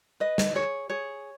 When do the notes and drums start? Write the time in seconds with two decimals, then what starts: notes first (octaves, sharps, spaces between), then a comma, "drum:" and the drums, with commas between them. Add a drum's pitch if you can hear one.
0.20 B4 D#5
0.38 drum: snare
0.55 G#4 C#5
0.90 G#4 C#5